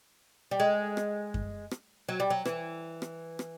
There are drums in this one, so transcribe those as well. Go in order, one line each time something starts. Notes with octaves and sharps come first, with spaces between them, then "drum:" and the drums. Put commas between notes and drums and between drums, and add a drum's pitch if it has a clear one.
G3
G#3
drum: rim click
drum: kick F#2
drum: rim click
F#3
G3
F#3
E3, drum: rim click
drum: rim click
drum: rim click